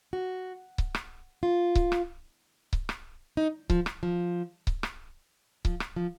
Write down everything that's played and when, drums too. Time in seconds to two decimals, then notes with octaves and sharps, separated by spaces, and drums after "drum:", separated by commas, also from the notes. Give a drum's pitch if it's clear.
0.13 F#4
0.78 drum: kick C#1
0.95 drum: rim click
1.43 F4
1.75 drum: kick C#1
1.92 drum: rim click
2.73 drum: kick C#1
2.89 drum: rim click
3.37 D#4
3.70 F3, drum: kick C#1
3.86 drum: rim click
4.03 F3
4.67 drum: kick C#1
4.83 drum: rim click
5.65 F3, drum: kick C#1
5.80 drum: rim click
5.96 F3